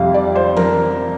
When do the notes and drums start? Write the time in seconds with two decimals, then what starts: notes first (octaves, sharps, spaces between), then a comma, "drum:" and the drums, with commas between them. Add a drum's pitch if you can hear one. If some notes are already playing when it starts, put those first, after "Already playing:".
Already playing: F2 C3 G3 C4 F5
0.14 D5
0.36 C5
0.57 A#4, drum: tom E3